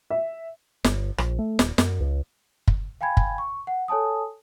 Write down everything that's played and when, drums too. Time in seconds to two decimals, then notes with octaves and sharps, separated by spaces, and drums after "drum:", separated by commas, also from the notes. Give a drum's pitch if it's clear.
0.10 E5
0.84 G1, drum: snare
1.18 A#1, drum: rim click
1.39 A3
1.59 D#1, drum: snare
1.78 F#2, drum: snare
2.00 C#2
2.68 drum: kick F#1
3.01 F5 G5 G#5 B5 G#6
3.17 drum: kick F#1
3.38 C#6
3.67 F#5
3.88 A4 C#5 G#5 A5 D#6